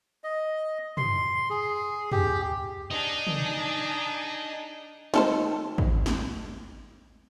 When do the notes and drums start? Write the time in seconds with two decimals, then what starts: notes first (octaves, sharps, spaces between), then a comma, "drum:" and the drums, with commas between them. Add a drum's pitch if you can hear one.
0.24 D#5
0.97 C6, drum: tom
1.50 G#4
2.12 G4, drum: tom
2.91 D4 D#4 G#4
3.27 drum: tom
5.14 D#3 A4 C5, drum: snare
5.78 drum: kick
6.06 drum: snare